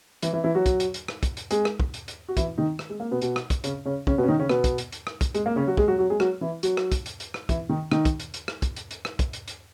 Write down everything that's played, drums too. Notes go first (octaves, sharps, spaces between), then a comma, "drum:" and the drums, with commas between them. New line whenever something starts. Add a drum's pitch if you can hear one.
E3 E4, drum: hi-hat
E3 E4
E3 E4
F#3 F#4
drum: kick, hi-hat
drum: hi-hat
drum: hi-hat
drum: rim click
drum: kick, hi-hat
drum: hi-hat
G#3 G#4, drum: hi-hat
drum: rim click
drum: kick
drum: hi-hat
drum: hi-hat
F#4
E3 E4, drum: kick, hi-hat
D#3 D#4
drum: rim click
G#3
A#3
B2 B3
B2 B3, drum: hi-hat
drum: rim click
drum: kick, hi-hat
C#3 C#4, drum: hi-hat
C#3 C#4
C#3 C#4, drum: kick
B2 B3
C#4
D#3 D#4
C#3 C#4
B2 B3, drum: rim click
drum: kick, hi-hat
drum: hi-hat
drum: hi-hat
drum: rim click
drum: kick, hi-hat
G#3, drum: hi-hat
A#3
C#3 C#4
F#3 F#4
G#3 G#4, drum: kick
F#3 F#4
F#3 F#4
G#3 G#4
F#3 F#4, drum: rim click
E3 E4
F#3 F#4, drum: hi-hat
drum: rim click
drum: kick, hi-hat
drum: hi-hat
drum: hi-hat
drum: rim click
E3 E4, drum: kick, hi-hat
D#3 D#4
D#3 D#4, drum: rim click
drum: kick, hi-hat
drum: hi-hat
drum: hi-hat
drum: rim click
drum: kick, hi-hat
drum: hi-hat
drum: hi-hat
drum: rim click
drum: kick, hi-hat
drum: hi-hat
drum: hi-hat